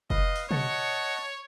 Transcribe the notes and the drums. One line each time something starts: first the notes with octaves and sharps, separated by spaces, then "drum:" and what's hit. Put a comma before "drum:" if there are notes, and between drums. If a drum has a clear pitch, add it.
B4 D#5 F5, drum: kick F1
drum: open hi-hat
C#5 D#5 F#5 A5, drum: tom